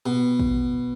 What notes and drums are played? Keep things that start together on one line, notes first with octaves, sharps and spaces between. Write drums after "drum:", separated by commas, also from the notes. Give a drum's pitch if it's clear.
B2
drum: kick